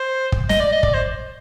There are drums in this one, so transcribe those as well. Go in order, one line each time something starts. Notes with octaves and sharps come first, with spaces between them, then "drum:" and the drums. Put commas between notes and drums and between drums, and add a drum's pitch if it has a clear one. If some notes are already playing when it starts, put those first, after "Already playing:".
Already playing: C5
drum: kick
D#5, drum: snare
D5
D#5
D5, drum: kick
C5